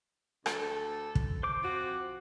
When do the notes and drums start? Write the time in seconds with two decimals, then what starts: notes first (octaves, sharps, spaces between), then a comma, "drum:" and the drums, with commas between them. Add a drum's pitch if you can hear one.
0.46 D2 A4, drum: rim click
1.15 drum: kick
1.43 C5 D6
1.63 F3 C4 F#4